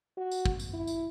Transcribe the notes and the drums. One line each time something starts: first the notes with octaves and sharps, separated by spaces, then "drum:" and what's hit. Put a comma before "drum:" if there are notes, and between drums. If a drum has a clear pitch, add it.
F#4
drum: tambourine
drum: kick
drum: tambourine
E4
drum: tambourine